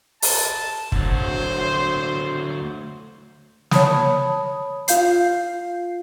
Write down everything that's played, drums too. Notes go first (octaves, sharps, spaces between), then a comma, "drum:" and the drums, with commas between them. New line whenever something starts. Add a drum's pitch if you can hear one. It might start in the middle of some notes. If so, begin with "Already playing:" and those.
A5, drum: open hi-hat
D2 F#3 C5, drum: kick
C#5 A5 B5 D#6, drum: snare
F4 F5 G6 C7, drum: hi-hat